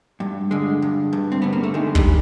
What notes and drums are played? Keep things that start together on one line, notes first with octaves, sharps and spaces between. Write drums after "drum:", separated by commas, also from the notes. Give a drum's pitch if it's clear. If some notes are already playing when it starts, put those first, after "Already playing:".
G2
D3 G#3
G2
G2
C4
D3 B3
A#3
A3
D#3 G#3
G3, drum: kick